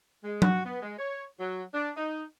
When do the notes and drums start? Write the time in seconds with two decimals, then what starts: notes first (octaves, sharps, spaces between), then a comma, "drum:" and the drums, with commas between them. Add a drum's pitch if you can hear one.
0.24 G#3
0.42 F#4, drum: tom F#3
0.64 B3
0.83 G#3
0.98 C#5
1.39 F#3
1.74 D4
1.97 D#4